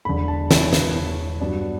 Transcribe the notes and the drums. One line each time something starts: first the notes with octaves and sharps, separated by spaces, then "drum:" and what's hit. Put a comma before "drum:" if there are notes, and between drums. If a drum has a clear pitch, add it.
E1 E2 D3 B5
A5
C#5, drum: snare
B4, drum: snare
G2 F#3 B3 D4